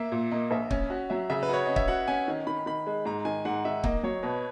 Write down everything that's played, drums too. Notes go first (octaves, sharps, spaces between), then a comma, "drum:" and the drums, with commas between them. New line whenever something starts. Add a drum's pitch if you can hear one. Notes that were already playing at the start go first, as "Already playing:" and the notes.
Already playing: A#3 E5
A#2
A#3 D#5
A#1 E5
C#4, drum: kick
F#4
F#3 E5
C#3 E5
B4
F#4 C#5
C#4 D#5
E5, drum: kick
F#4 F#5
C#4 G#5
D#3
D#3 B5
D#3 B5
G#3
G#2 A#5
D#3 G#5
G#2 F#5
D#3 E5
A#3 D#5, drum: kick
F#3 C#5
B2 B4